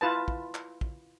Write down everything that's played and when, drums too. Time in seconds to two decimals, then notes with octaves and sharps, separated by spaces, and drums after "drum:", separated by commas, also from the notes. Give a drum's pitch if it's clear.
0.01 E4 F4 B4 A5
0.28 drum: kick
0.55 drum: clap
0.81 drum: kick